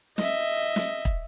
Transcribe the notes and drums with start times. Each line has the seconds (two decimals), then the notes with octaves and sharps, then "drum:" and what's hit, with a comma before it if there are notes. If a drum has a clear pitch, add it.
0.18 D#5 E5, drum: snare
0.76 drum: snare
1.05 drum: kick